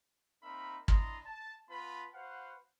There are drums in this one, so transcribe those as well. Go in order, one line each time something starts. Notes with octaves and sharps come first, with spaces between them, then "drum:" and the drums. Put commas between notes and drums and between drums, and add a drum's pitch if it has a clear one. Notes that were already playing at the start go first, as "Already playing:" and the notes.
A#3 C4 D#4 A#4 E5 B5
D4 E4 D5 D#5 A#5 C6, drum: kick
A5
B3 F4 B4 A5 B5
F#4 B4 C5 F5 F#5